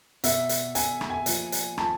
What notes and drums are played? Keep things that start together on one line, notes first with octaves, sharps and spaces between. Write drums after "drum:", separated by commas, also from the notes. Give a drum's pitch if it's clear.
B2 E5, drum: hi-hat
drum: hi-hat
B2 G#5, drum: hi-hat
drum: rim click
G#5
A#2 F3, drum: hi-hat
drum: hi-hat
A#2 F3 A5, drum: rim click